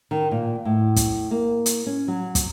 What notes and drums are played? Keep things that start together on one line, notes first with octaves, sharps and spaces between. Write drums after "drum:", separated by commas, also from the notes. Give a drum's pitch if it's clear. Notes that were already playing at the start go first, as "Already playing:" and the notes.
D#3
A#2
A2
drum: kick, hi-hat
A#3
drum: hi-hat
C#4
F#3
drum: kick, hi-hat